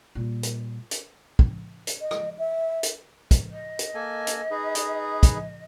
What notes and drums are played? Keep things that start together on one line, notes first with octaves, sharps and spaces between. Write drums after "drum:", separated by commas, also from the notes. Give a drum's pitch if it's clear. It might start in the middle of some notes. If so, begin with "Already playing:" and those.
A#2 G3
drum: hi-hat
drum: hi-hat
drum: kick
drum: hi-hat
D#5
drum: rim click
E5
drum: hi-hat
drum: kick, hi-hat
D#5
drum: hi-hat
A#3 A4 G#5
drum: hi-hat
D#4 G#4 B4
drum: hi-hat
drum: kick, hi-hat